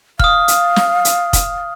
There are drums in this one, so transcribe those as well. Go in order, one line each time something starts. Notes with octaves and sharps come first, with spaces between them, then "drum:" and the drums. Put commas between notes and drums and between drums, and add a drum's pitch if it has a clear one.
F5 D#6 F6, drum: kick
drum: hi-hat
drum: snare
drum: hi-hat
drum: kick, hi-hat